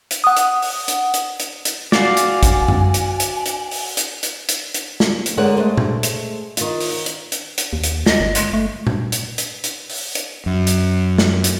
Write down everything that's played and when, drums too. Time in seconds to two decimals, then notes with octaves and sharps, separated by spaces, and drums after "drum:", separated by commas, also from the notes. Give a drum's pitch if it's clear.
0.11 drum: hi-hat
0.24 F#5 D#6
0.37 drum: hi-hat
0.62 drum: open hi-hat
0.88 drum: hi-hat
1.14 drum: hi-hat
1.40 drum: hi-hat
1.65 drum: hi-hat
1.92 F#4 C5 D5 F5 G#5, drum: snare
2.17 drum: hi-hat
2.43 drum: kick, hi-hat
2.68 drum: tom F#2
2.94 drum: hi-hat
3.20 drum: hi-hat
3.46 drum: hi-hat
3.71 drum: open hi-hat
3.97 drum: hi-hat
4.23 drum: hi-hat
4.49 drum: hi-hat
4.74 drum: hi-hat
5.00 drum: snare
5.26 drum: hi-hat
5.37 D3 G#3 A#4 C#5 F#5
5.57 G#3 A3 C5
5.77 drum: tom A#2
6.03 drum: hi-hat
6.57 D#3 F4, drum: hi-hat
6.81 drum: open hi-hat
7.06 drum: hi-hat
7.32 drum: hi-hat
7.58 drum: hi-hat
7.73 D#2
7.84 drum: hi-hat
8.06 D#5, drum: snare
8.20 G1
8.35 G#3, drum: hi-hat
8.53 A3
8.87 drum: tom A#2
9.12 drum: hi-hat
9.38 drum: hi-hat
9.64 drum: hi-hat
9.90 drum: open hi-hat
10.15 drum: hi-hat
10.46 F#2
10.67 drum: hi-hat
11.18 drum: snare
11.44 drum: hi-hat